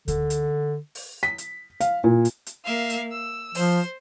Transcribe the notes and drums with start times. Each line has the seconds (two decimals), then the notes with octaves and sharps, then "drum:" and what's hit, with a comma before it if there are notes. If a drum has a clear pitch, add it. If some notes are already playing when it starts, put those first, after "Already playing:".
0.08 D3, drum: kick D2, hi-hat
0.30 drum: hi-hat
0.95 drum: open hi-hat
1.23 B6
1.38 drum: hi-hat
1.80 F5, drum: hi-hat
2.04 A#2
2.25 drum: hi-hat
2.46 drum: hi-hat
2.64 A#3 E5 F5
2.90 drum: hi-hat
3.11 E6
3.55 F3 C5, drum: open hi-hat